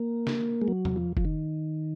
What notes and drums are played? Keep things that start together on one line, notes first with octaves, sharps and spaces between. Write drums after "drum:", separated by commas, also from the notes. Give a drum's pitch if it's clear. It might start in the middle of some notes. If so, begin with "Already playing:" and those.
Already playing: A#3
drum: snare
G#3
F#3
drum: tom E2
F3
F3, drum: kick F1
D#3